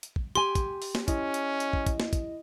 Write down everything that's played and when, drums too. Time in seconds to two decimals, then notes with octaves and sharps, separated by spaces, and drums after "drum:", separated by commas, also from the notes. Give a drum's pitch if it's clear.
0.03 drum: hi-hat
0.16 drum: kick
0.35 G4 G#5 C6
0.55 drum: kick, hi-hat
0.82 drum: open hi-hat
0.95 drum: snare
1.08 C#4 E4 D#5, drum: kick, hi-hat
1.34 drum: hi-hat
1.60 drum: hi-hat
1.73 drum: kick
1.86 drum: kick, hi-hat
2.00 drum: snare
2.13 drum: kick, hi-hat